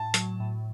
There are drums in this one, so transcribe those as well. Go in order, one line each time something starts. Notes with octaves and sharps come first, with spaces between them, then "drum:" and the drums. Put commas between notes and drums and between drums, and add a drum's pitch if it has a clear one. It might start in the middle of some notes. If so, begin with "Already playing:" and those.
Already playing: A2 A5
F#3, drum: hi-hat
A2